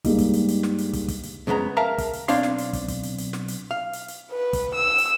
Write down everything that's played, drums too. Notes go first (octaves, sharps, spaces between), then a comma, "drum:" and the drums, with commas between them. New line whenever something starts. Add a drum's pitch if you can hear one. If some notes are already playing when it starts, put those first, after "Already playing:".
G2 G#3 A#3 D#4, drum: kick, hi-hat
drum: kick, hi-hat
drum: hi-hat
drum: hi-hat
drum: snare
drum: hi-hat
drum: kick, hi-hat
drum: kick, hi-hat
drum: hi-hat
F2 C#3 G#3 B3 A#5
A#4 E5 F5 A5 A#5
drum: kick, hi-hat
drum: hi-hat
B1 C4 D4 C#5 F5 C6, drum: hi-hat
drum: snare
drum: hi-hat
drum: kick, hi-hat
drum: kick, hi-hat
drum: hi-hat
drum: hi-hat
drum: snare
drum: hi-hat
F5
drum: hi-hat
drum: hi-hat
B4
drum: kick, hi-hat
E6
drum: hi-hat